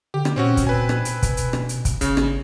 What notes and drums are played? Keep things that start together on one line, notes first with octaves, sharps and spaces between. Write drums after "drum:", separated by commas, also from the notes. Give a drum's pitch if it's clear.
D3 G4
drum: rim click
A#2 C4 C#4 F#4
drum: kick, hi-hat
C4 B4 G#5
drum: rim click
drum: hi-hat
B2, drum: kick, hi-hat
drum: hi-hat
drum: rim click
drum: hi-hat
drum: kick, hi-hat
G#1 C#3, drum: hi-hat
drum: rim click